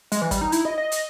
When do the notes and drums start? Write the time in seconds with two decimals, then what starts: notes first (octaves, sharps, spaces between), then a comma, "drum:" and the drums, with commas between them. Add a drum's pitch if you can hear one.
0.12 G#3, drum: hi-hat
0.22 E3
0.31 G3, drum: kick, hi-hat
0.41 D#4
0.52 E4, drum: hi-hat
0.65 D#5
0.78 D#5
0.92 drum: hi-hat